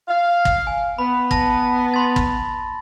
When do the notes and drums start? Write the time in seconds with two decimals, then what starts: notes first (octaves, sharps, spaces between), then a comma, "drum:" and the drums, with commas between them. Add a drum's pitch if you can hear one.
0.08 F5
0.45 drum: kick
0.67 G#5
0.99 B3 B5
1.31 A5 A#6, drum: kick
1.94 B5 C6 A6
2.16 drum: kick